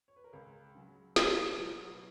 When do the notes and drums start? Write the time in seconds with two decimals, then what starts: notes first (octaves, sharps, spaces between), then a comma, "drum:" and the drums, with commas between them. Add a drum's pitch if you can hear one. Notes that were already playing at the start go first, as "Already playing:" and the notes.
0.08 C#5
0.16 B4
0.24 A#4
0.33 C#2 G#4
0.75 C#3 F#3
1.16 C#2, drum: snare
1.37 B4
1.51 B4
1.59 B2 F#3 A#4
1.80 F#4
1.92 B4